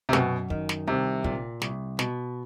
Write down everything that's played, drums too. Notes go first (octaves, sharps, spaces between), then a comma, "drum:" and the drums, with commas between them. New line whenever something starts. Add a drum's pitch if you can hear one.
C3
F#2 B2, drum: snare
D#3, drum: kick
drum: snare
C2 C3
A#2, drum: kick
C2, drum: snare
B2, drum: snare